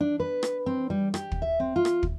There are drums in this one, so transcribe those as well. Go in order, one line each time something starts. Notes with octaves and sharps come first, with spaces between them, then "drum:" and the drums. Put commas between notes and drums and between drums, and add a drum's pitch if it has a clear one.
D4
B4
drum: rim click
C4
G3
G4, drum: rim click
drum: kick
E5
C4
F4
drum: rim click
drum: kick